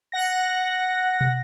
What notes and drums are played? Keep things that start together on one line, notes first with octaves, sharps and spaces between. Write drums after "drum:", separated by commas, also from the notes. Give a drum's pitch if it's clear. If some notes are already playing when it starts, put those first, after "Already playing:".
F#5 A#6
drum: tom